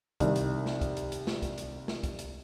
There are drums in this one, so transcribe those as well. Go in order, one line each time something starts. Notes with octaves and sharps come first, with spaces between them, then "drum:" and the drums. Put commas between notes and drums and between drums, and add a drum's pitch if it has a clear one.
C2 D#3, drum: kick, hi-hat
drum: hi-hat
drum: snare
drum: kick, hi-hat
drum: hi-hat
drum: hi-hat
drum: snare
drum: kick, hi-hat
drum: hi-hat
drum: snare
drum: kick, hi-hat
drum: hi-hat